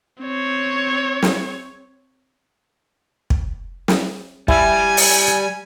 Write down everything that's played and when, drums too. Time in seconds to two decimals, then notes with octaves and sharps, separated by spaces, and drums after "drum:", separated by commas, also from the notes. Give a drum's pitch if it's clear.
0.22 C4 C#5
1.22 drum: snare
3.30 drum: kick
3.88 drum: snare
4.48 G3 E4 G#5, drum: kick
4.97 drum: open hi-hat